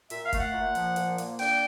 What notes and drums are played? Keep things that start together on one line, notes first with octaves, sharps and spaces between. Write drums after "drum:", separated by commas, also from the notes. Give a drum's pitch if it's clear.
A#2 E5, drum: hi-hat
F5
A3, drum: kick, hi-hat
F#5
A#2
F3, drum: hi-hat
A#2, drum: hi-hat
A#3, drum: hi-hat
D4 G5, drum: open hi-hat